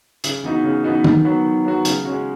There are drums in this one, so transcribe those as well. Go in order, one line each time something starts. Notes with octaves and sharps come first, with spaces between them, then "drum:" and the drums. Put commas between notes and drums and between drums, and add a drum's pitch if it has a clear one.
C#3, drum: hi-hat
E3 B3 D#4 F#4
C#3
E3 B3 D#4 F#4
D#3, drum: tom
F#3 B3 F#4
D#3
F#3 B3 F#4
C#3, drum: hi-hat
G#3 C#4 F#4